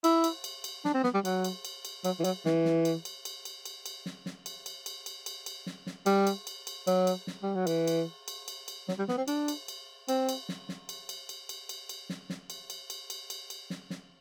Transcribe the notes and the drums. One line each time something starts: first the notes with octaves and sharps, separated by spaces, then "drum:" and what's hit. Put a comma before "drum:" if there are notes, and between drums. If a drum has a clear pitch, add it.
E4, drum: cymbal
drum: cymbal
drum: cymbal
drum: cymbal
D4, drum: snare
C4
B3, drum: snare
G3
F#3, drum: cymbal
drum: cymbal
drum: cymbal
drum: cymbal
F#3, drum: cymbal
E3
F#3, drum: cymbal
E3, drum: snare
drum: snare
drum: cymbal
drum: cymbal
drum: cymbal
drum: cymbal
drum: cymbal
drum: cymbal
drum: snare
drum: snare
drum: cymbal
drum: cymbal
drum: cymbal
drum: cymbal
drum: cymbal
drum: cymbal
drum: snare
drum: snare
G3, drum: cymbal
drum: cymbal
drum: cymbal
drum: cymbal
F#3, drum: cymbal
drum: cymbal
drum: snare
G3
F#3
E3, drum: cymbal
drum: cymbal
drum: cymbal
drum: cymbal
drum: cymbal
F#3, drum: snare
G3
B3, drum: snare
C4
D4, drum: cymbal
drum: cymbal
drum: cymbal
C4, drum: cymbal
drum: cymbal
drum: snare
drum: snare
drum: cymbal
drum: cymbal
drum: cymbal
drum: cymbal
drum: cymbal
drum: cymbal
drum: snare
drum: snare
drum: cymbal
drum: cymbal
drum: cymbal
drum: cymbal
drum: cymbal
drum: cymbal
drum: snare
drum: snare